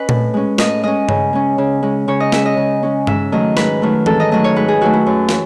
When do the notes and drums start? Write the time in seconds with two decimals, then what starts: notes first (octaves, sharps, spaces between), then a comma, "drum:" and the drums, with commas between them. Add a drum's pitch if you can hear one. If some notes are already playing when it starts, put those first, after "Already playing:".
Already playing: C#4 B4 D#5
0.09 A2, drum: tom A#2
0.34 G#3 C#4
0.58 A2 D#5, drum: snare
0.83 G#3 C#4 D#5
1.09 C#3, drum: tom G2
1.33 G#3 C#4
1.58 C#3
1.83 G#3 C#4
2.08 C#3 C#5
2.20 D#5
2.32 G#3 C#4 E5, drum: snare
2.46 D#5
2.57 C#3
2.83 G#3 C#4
3.07 G#2 E5, drum: tom G2
3.32 D#3 F#3 A3 D#5
3.57 G#2 B4, drum: snare
3.82 D#3 F#3 A3
4.06 G#2 A4, drum: tom E3
4.20 D#5
4.31 D#3 F#3 A3 D#5
4.44 C#5
4.56 G#2 B4
4.68 G#4
4.81 D#3 F#3 A3 F#4
4.94 E4
5.06 F#2
5.29 E3, drum: snare